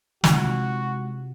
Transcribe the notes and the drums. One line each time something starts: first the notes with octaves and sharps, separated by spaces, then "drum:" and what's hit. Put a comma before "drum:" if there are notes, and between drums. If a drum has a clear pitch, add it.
C3 G#3 D#4 F4 F#4, drum: snare